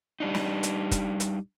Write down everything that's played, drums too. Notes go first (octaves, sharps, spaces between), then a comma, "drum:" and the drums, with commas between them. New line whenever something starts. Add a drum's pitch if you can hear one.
G3 D4 D#4
drum: snare
drum: hi-hat
drum: kick, hi-hat
drum: hi-hat